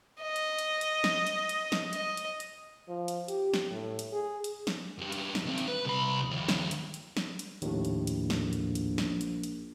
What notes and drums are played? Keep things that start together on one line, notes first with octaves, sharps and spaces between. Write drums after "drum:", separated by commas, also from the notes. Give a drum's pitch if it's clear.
D#5
drum: hi-hat
drum: hi-hat
drum: hi-hat
drum: snare
drum: hi-hat
drum: hi-hat
drum: snare
D#5, drum: hi-hat
drum: hi-hat
drum: hi-hat
F3
drum: hi-hat
G4, drum: hi-hat
drum: snare
A2
drum: hi-hat
G#4
drum: hi-hat
drum: snare
F#2 G3
drum: hi-hat
drum: snare
D#3 C4
drum: hi-hat
B4
C2 B5
D#2 F3
drum: snare
drum: hi-hat
drum: hi-hat
drum: snare
drum: hi-hat
A#1 D#2 A2, drum: hi-hat
drum: hi-hat
drum: hi-hat
drum: snare
drum: hi-hat
drum: hi-hat
drum: snare
drum: hi-hat
drum: hi-hat